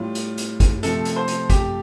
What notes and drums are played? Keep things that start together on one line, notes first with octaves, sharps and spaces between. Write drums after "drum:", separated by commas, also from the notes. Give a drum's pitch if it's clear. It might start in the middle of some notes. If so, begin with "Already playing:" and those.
Already playing: A2 G3 F4
drum: hi-hat
drum: hi-hat
drum: kick, hi-hat
C3 F3 A3 A4, drum: hi-hat
drum: hi-hat
C5
drum: hi-hat
G4, drum: kick, hi-hat